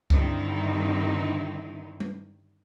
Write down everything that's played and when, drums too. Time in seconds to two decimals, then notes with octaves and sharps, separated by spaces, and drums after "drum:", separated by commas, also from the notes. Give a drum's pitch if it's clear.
0.10 G2 D3 D#3 C4 D#4 E4, drum: kick C#2
2.00 drum: tom G3